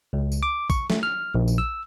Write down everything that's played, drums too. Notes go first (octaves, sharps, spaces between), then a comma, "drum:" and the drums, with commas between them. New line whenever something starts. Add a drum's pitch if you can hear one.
C#2
drum: tambourine
D6
C#6, drum: kick A#1, tambourine
A3, drum: snare
F6
A#1
drum: tambourine
E6